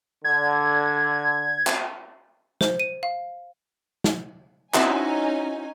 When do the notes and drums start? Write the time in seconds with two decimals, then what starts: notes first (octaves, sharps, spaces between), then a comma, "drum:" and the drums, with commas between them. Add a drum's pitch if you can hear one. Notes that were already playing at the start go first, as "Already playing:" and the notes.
0.24 D3 G#6
1.67 drum: clap
2.61 C5, drum: snare
2.80 D#7
3.03 F5
4.04 drum: snare
4.74 C4 C#4 D#4 E4 F#4 G#5, drum: clap